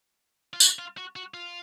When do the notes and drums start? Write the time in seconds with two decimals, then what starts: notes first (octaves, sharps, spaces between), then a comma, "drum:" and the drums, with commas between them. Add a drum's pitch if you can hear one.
0.54 F4
0.60 F#4, drum: tambourine
0.79 F4
0.98 F#4
1.16 F#4
1.34 F4